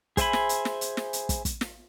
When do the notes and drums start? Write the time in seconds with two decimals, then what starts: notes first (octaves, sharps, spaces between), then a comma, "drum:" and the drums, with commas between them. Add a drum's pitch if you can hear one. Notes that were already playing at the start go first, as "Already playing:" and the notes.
0.17 G#4 C5 E5 G#5 B5, drum: kick, hi-hat
0.33 drum: snare
0.49 drum: hi-hat
0.65 drum: snare
0.81 drum: hi-hat
0.97 drum: snare
1.13 drum: hi-hat
1.29 drum: kick, hi-hat
1.45 drum: kick, hi-hat
1.61 drum: snare